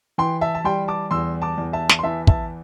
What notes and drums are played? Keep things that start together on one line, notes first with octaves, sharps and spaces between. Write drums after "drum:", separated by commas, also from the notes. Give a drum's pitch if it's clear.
E3 G5 C6
E5 A5
A5
G3 G5 C6
A5 D6
E2 C6 E6
A5 D6
E2
E5 A5
drum: snare
C6
E3 E5 A5
E5 A5, drum: kick